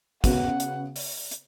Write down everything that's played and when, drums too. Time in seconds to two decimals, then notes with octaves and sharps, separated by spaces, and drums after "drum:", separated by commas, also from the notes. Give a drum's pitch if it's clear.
0.24 C#3 B3 F#4 F#5, drum: kick, hi-hat
0.60 drum: hi-hat
0.96 drum: open hi-hat
1.31 drum: hi-hat